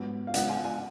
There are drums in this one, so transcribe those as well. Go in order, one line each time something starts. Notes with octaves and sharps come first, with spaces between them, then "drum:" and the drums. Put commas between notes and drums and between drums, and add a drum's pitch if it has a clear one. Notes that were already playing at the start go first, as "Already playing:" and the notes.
Already playing: G#2 F#3 B3
F5
C#3 G#3 B3 F#5, drum: hi-hat
G#5
G#5